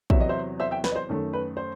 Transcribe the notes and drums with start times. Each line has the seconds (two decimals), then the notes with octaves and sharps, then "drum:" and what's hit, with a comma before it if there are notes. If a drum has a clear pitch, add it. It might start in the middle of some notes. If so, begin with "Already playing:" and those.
0.10 E2 C3 F#3 B3 E5, drum: kick
0.20 D#5
0.29 C5 E5
0.60 C5 E5
0.71 E5 G5
0.84 B4, drum: snare
0.92 D#5
0.96 C5
1.09 F#2 D#3 A3
1.33 B4
1.57 C5